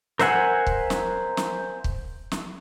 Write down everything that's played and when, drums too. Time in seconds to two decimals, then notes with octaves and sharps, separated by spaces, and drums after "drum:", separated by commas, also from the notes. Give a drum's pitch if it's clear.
0.19 A#4 C5 E5 F#5 G#5, drum: snare
0.67 drum: kick
0.90 drum: snare
1.37 drum: snare
1.84 drum: kick
2.31 drum: snare